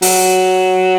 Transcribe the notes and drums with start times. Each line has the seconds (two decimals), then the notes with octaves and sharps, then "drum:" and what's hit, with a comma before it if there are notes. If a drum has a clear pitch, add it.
0.02 F#3, drum: open hi-hat